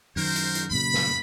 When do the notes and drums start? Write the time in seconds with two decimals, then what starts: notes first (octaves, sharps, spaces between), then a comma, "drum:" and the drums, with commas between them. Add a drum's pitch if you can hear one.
0.16 F#2 D#3 F#4 A#4 C5
0.36 drum: hi-hat
0.55 drum: hi-hat
0.71 F#2 A#2 C#3 B5
0.94 drum: snare